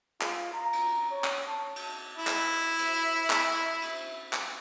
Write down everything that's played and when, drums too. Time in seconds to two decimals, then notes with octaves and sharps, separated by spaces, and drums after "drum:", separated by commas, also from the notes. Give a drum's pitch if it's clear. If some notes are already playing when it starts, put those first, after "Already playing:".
0.21 F4, drum: clap
0.53 A#5
0.73 drum: cymbal
1.11 C#5
1.24 drum: clap
1.47 A5
1.76 drum: cymbal
2.17 E4 E5
2.27 drum: clap
2.79 drum: cymbal
3.30 drum: clap
3.82 drum: cymbal
4.33 drum: clap